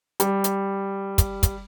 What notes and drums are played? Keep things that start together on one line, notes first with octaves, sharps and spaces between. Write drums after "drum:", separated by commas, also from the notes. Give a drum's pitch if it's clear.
G3, drum: hi-hat
drum: hi-hat
drum: kick, hi-hat
drum: kick, hi-hat